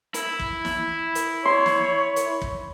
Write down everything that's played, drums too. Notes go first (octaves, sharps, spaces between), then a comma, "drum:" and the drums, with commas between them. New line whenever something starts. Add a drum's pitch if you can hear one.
E4, drum: hi-hat
drum: kick
drum: snare
drum: hi-hat
C#5 C6
drum: snare
drum: hi-hat
drum: kick